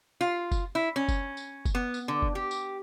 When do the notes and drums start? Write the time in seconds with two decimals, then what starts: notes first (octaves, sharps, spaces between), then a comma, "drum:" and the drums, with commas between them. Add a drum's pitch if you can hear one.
0.21 F4
0.52 drum: kick F#1, tambourine
0.75 E4
0.96 C#4
1.09 drum: kick F#1, tambourine
1.37 drum: tambourine
1.65 drum: kick F#1, tambourine
1.75 B3
1.94 drum: tambourine
2.08 D3
2.22 drum: kick F#1
2.35 G4
2.51 drum: tambourine